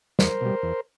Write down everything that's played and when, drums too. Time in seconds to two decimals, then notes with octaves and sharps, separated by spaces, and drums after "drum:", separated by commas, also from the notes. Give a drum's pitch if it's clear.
0.19 E2 A#4 C5, drum: snare
0.41 B2 G3
0.63 E2